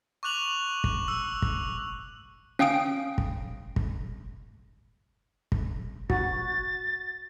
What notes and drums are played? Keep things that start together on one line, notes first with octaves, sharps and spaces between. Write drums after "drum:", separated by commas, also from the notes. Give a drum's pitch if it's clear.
C#6 D6 F#6 F7 F#7
drum: kick
E6
drum: kick
C#4 F5 G5 D#6 D7
drum: kick
drum: kick
drum: kick
F#4 A6, drum: kick